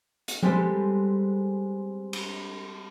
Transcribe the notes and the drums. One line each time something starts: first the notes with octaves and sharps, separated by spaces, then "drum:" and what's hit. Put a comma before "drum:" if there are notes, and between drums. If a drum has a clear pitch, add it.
drum: hi-hat
G3 G#3 C4 G4 A4 B4, drum: tom F3
drum: cymbal